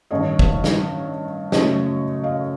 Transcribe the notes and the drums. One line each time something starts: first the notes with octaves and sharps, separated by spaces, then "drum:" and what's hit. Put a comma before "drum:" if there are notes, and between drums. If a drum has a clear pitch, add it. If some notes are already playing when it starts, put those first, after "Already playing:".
A1 G2 D#3 C#5 D#5
drum: kick
drum: snare
F#2 C#3 F#3 A3 C#5 D#5, drum: snare
D#5 F5